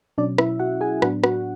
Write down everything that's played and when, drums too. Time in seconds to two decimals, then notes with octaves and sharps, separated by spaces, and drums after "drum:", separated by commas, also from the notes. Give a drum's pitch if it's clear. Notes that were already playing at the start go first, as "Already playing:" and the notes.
0.18 B2 F#3 C#4 D4 D5
0.38 E4 E5, drum: rim click
0.60 F#4 F#5
0.81 G#4 G#5
1.02 A2 F#3 B3 D4 F#4 F#5, drum: rim click
1.24 F#4 F#5, drum: rim click